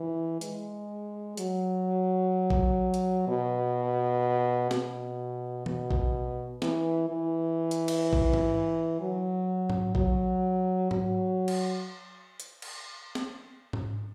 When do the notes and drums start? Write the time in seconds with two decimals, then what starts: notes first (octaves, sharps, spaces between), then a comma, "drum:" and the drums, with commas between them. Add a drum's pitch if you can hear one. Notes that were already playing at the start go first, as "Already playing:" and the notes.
Already playing: E3
0.41 G#3, drum: hi-hat
1.37 F#3, drum: hi-hat
2.50 drum: kick A#1
2.94 drum: hi-hat
3.27 B2
4.71 B2, drum: snare
5.66 B2, drum: tom E3
5.91 drum: kick A#1
6.62 E3, drum: snare
7.09 E3
7.71 drum: hi-hat
7.88 drum: cymbal
8.13 drum: kick A#1
8.33 drum: tom G#2
9.01 F#3
9.70 drum: tom G#2
9.95 F#3, drum: kick A#1
10.91 F#3, drum: tom G#2
11.48 drum: cymbal
12.40 drum: hi-hat
12.62 drum: cymbal
13.15 drum: snare
13.73 drum: tom G#2